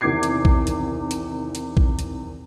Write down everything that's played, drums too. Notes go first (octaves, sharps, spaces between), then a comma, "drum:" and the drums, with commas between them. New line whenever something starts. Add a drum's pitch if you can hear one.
E2 C3 D#3 D6 G#6 C7
drum: hi-hat
drum: kick
drum: hi-hat
drum: hi-hat
drum: hi-hat
drum: kick
drum: hi-hat